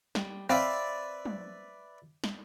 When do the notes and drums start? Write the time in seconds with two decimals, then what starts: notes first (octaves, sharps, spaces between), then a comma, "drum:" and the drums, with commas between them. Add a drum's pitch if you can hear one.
0.15 G3, drum: snare
0.49 C4 B4 D5 E5 F5 G5
1.25 drum: tom
2.24 drum: snare